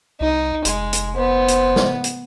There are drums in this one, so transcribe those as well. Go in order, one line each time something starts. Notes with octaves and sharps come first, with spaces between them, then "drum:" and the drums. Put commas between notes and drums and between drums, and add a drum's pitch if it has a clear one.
C2 D#4
F1 G#3, drum: hi-hat
drum: hi-hat
B3 C5
drum: hi-hat
drum: snare
drum: hi-hat